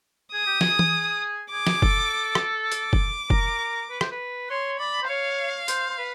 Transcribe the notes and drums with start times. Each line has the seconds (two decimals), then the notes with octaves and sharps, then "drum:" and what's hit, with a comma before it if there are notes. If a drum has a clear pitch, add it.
0.33 G#4 D#6
0.47 G4
0.61 G#4, drum: snare
0.79 drum: tom E3
1.52 G#4 D6
1.67 drum: snare
1.82 A4, drum: kick F1
2.35 drum: rim click
2.72 D6, drum: hi-hat
2.93 drum: kick F1
3.30 A#4, drum: kick F1
3.90 B4
4.01 C5, drum: rim click
4.12 B4
4.49 C#5 C6
4.79 D5 B5
5.02 C5
5.09 C#5 F5
5.68 C5, drum: hi-hat
5.90 C5
5.98 B4